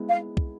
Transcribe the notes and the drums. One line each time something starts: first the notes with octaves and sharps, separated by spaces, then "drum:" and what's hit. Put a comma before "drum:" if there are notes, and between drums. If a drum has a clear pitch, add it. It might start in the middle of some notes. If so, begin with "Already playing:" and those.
Already playing: G#3 B3 E4
F5
drum: kick